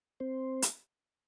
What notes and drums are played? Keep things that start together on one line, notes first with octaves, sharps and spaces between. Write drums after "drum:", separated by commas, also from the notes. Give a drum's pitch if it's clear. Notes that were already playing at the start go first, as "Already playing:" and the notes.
C4 C5
drum: hi-hat